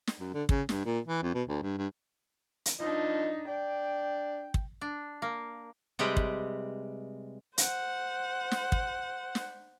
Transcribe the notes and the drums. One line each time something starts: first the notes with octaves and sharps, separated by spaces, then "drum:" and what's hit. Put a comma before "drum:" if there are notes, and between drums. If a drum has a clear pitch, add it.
drum: snare
F#2
D3
C#3, drum: kick
G2, drum: snare
A#2
E3
F2
B2
D2
G2
G2
drum: hi-hat
F3 D4 D#4 D#5
D4 G5
drum: kick
D4
A#3
C3 G3 G#3 G4 B4
drum: kick
C5 F#5, drum: hi-hat
drum: snare
drum: kick
drum: snare